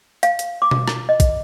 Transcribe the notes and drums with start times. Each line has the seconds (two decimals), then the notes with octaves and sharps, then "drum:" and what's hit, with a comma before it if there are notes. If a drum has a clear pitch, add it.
0.23 F5, drum: hi-hat
0.39 drum: hi-hat
0.62 D6
0.71 drum: tom B2
0.88 drum: rim click
1.09 D#5
1.20 drum: kick A1, hi-hat